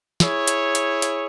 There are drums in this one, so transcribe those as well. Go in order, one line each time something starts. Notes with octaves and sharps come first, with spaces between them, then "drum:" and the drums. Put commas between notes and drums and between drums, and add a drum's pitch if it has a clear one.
E4 G#4 C#5, drum: snare
drum: hi-hat
drum: hi-hat
drum: hi-hat